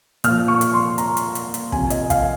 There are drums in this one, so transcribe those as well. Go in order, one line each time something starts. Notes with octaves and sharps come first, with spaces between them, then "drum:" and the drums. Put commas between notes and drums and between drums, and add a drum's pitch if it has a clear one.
A#2 F3 F6, drum: hi-hat
C#6
drum: hi-hat
C6
A#5, drum: hi-hat
drum: hi-hat
drum: hi-hat
drum: hi-hat
C3 F3 G#5, drum: kick
D#5, drum: hi-hat
F5, drum: kick, hi-hat